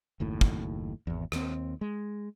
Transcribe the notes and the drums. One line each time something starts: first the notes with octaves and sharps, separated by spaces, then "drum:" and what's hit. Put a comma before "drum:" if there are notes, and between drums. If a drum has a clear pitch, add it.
F#1 D#2 A2
drum: kick
G#1 E2
D#2 C4, drum: rim click
G#3